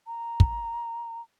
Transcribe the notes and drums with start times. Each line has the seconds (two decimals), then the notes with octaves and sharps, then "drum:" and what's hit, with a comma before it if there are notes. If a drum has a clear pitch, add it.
0.07 A#5
0.40 drum: kick